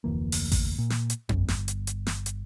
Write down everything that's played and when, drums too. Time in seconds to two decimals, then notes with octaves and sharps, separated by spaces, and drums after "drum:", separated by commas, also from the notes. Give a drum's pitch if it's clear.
0.04 F1 D2 E3 A#3
0.32 drum: open hi-hat
0.52 drum: kick A1, open hi-hat
0.79 A#2
0.90 drum: snare
1.10 drum: hi-hat
1.29 G1, drum: tom F2
1.48 drum: snare
1.68 drum: hi-hat
1.87 drum: hi-hat
2.07 drum: snare
2.26 drum: hi-hat